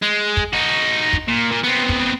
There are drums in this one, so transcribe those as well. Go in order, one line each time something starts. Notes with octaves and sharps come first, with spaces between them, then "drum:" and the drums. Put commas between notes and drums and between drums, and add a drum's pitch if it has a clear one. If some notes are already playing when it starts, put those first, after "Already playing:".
G#3
drum: kick
D#4 F#4
drum: kick
A#2
A#2
B3 C4
drum: kick